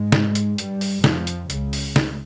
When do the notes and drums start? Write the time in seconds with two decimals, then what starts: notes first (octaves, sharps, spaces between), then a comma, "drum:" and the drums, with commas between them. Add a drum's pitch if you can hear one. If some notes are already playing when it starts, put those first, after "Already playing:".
Already playing: G#2 G#3
0.12 drum: snare
0.35 drum: hi-hat
0.58 G2 G3, drum: hi-hat
0.81 drum: open hi-hat
1.04 F2 F3, drum: snare
1.27 drum: hi-hat
1.50 C#2 C#3, drum: hi-hat
1.73 drum: open hi-hat
1.96 drum: snare